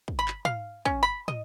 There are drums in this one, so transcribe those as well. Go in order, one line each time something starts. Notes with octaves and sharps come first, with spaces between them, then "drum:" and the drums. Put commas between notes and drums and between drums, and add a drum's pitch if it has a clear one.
drum: kick
B5
drum: clap
F5, drum: tom
C#4, drum: kick
B5
D#5, drum: tom